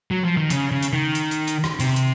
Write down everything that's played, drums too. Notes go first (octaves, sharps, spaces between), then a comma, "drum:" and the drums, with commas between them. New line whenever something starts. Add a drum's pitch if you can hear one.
F#3
F3
D#3
C#3, drum: hi-hat
C#3
drum: hi-hat
D#3
drum: hi-hat
drum: hi-hat
drum: hi-hat
drum: rim click
C3, drum: hi-hat
drum: hi-hat